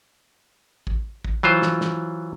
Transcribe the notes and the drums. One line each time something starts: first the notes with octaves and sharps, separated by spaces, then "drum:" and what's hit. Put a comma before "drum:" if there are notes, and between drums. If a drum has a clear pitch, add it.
drum: kick
drum: kick
E3 F#3 F4 C5
drum: snare
drum: snare